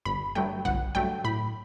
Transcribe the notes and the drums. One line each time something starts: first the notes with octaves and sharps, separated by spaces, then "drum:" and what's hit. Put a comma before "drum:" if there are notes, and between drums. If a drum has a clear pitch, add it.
G1 B5
G2 F#3 A3 G5
G1 F#5, drum: tom B1
G2 F#3 A3 G5
A2 B5